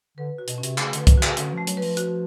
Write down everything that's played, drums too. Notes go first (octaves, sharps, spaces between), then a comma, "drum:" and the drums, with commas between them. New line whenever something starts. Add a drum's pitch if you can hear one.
D3 B4
F#4
B2, drum: hi-hat
C#4
C3, drum: hi-hat
C#3 A3, drum: clap
D3, drum: hi-hat
B4
D3, drum: kick, hi-hat
F#4
C#3, drum: clap
D3 C#4, drum: hi-hat
F3 A3
F#3, drum: hi-hat
B4
F3, drum: open hi-hat
F#4, drum: hi-hat